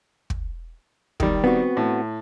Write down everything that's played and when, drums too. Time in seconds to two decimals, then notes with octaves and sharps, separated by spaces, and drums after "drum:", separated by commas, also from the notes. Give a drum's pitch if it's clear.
0.30 drum: kick
1.20 D#3 G3, drum: kick
1.44 B3 C4 F#4
1.77 A2